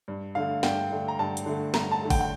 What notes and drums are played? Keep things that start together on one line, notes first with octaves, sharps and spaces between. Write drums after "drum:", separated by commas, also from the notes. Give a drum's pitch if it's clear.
G2
D3 A3 F5
G2 G5, drum: snare
D3 A3
A#5
G2 A5
drum: hi-hat
D3 A3
G2 A#5, drum: snare
A5
D3 A3
G5, drum: kick G#1, open hi-hat
G5